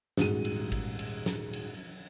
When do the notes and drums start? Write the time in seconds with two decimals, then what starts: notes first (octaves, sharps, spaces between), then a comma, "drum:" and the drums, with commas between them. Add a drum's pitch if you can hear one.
0.17 D#1 G#2 F#4 D#7, drum: snare
0.45 drum: cymbal
0.72 drum: kick G#1, cymbal
0.99 drum: cymbal
1.26 drum: snare
1.53 drum: cymbal